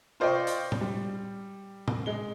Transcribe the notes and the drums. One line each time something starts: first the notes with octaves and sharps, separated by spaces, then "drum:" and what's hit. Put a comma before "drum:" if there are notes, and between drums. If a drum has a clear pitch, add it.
F4 C5 D5 D#5 G5 C#6
drum: hi-hat
drum: tom A2
G3
drum: tom A2
G#3 G7